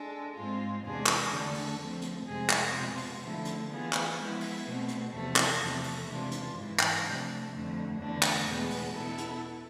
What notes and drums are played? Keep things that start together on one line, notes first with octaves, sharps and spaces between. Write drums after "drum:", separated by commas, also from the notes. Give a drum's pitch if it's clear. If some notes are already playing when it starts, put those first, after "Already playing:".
Already playing: G#3 D4 A4
G#2 G#3 C4 F4
E2 C3 G#3 D4 G#4
drum: clap
D3 A3 D4 A4
drum: open hi-hat
F3 A3 C4
drum: hi-hat
F2 C3 G#3 C4 G#4
drum: clap
B2 G#3 C4 F4
drum: open hi-hat
D3 F3 A3 E4 A4
drum: hi-hat
E3 B3 F4 G#4
drum: clap
F3 G#3 B3 E4
drum: open hi-hat
B2 A3 C4
drum: hi-hat
E2 C3 F3 A3
drum: clap
E2 C3 F3 A3
drum: open hi-hat
C3 E3 G#3 D4 F4
drum: hi-hat
G#2 E3 G#3
drum: clap
C3 F3 A3 D4
F2 D3 A3
E2 D3 A3 D4
drum: clap
E2 B2 G#3 B3
drum: open hi-hat
B2 B3 E4 A4
drum: hi-hat